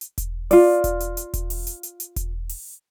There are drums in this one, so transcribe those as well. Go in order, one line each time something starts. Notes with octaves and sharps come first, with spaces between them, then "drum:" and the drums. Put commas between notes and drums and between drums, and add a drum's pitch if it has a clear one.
drum: hi-hat
drum: kick E1, hi-hat
F4 D5, drum: open hi-hat
drum: kick E1, hi-hat
drum: hi-hat
drum: hi-hat
drum: kick E1, hi-hat
drum: open hi-hat
drum: hi-hat
drum: hi-hat
drum: hi-hat
drum: kick E1, hi-hat
drum: open hi-hat